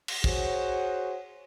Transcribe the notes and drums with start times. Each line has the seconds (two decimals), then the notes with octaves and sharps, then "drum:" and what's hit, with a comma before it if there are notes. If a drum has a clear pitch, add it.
0.08 drum: cymbal
0.24 F#4 G#4 C5 C#5, drum: kick